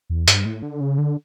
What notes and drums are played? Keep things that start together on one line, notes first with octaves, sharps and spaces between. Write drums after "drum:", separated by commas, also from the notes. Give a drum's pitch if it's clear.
E2
G2, drum: hi-hat
A2
D3
C#3
D3